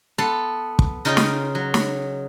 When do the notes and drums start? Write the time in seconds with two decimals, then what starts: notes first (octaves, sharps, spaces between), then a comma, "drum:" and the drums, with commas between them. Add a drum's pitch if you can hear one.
0.18 B3 A4 C6
0.79 drum: kick
1.05 C#3 D#4 F4 D#5 G5 A#5
1.17 drum: snare
1.55 F#3
1.74 drum: snare